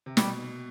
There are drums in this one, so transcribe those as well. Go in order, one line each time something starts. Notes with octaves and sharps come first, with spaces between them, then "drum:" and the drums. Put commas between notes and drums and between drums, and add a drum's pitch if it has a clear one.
C3
B2 G3, drum: snare